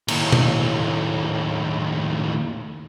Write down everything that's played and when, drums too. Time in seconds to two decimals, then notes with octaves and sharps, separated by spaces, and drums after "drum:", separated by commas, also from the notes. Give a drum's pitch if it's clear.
0.08 D#2 A2, drum: cymbal
0.32 drum: tom B2